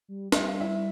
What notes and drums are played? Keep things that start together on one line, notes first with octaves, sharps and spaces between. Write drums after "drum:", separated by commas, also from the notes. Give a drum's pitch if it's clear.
G3
G3 E5, drum: snare
F5
E4 E5